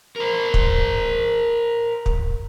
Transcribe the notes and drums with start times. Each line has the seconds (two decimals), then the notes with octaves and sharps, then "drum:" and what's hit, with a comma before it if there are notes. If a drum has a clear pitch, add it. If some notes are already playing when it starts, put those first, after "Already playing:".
0.16 A#4 C5
0.54 drum: kick
2.06 drum: kick